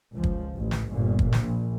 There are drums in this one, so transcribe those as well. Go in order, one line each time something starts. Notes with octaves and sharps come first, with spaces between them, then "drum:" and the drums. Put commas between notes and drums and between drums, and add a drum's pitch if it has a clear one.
C#2 F3
drum: kick
A1
drum: snare
G1 A#2
drum: kick
A#1, drum: snare